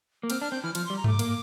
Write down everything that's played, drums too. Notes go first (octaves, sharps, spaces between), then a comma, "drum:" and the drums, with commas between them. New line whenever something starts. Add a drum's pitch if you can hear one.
A#3
C4 F6, drum: cymbal
D4 F6
C4 G6
E3 F6
F3 F6, drum: cymbal
G3 C6
A#5
A3, drum: tom G2
D6
A#3, drum: cymbal